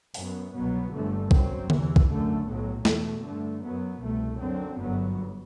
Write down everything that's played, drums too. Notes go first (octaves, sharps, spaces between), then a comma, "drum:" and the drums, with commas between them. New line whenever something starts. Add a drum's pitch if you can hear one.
F#2 F#3 B3, drum: open hi-hat
C2 B2 F#3 B3
G1 G2 D3 A3
F#2 F#3 C4, drum: kick
E2 C3 E3, drum: tom D3
drum: kick
F#2 D3 A3
B1 A2 F#3
E2 B2 A3, drum: snare
G2 D3 A3
F#2 F#3 B3
C2 B2 A3
F#2 D3 F#3 C4
G1 F#2 F#3 B3